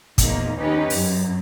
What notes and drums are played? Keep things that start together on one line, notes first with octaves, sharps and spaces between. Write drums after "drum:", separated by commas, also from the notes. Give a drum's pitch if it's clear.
E2 A#2 F3 A#3 D#4, drum: kick, hi-hat
D#2 C#4 D#4 G4 B4
F#2, drum: open hi-hat